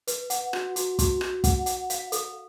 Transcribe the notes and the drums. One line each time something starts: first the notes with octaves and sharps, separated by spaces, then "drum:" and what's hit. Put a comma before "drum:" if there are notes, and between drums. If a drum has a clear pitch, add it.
B4, drum: hi-hat
F#5, drum: hi-hat
F#4, drum: rim click
F#4, drum: hi-hat
F#4, drum: kick, hi-hat
F#4, drum: rim click
F#5, drum: kick, hi-hat
F#5, drum: hi-hat
F5, drum: hi-hat
A4, drum: hi-hat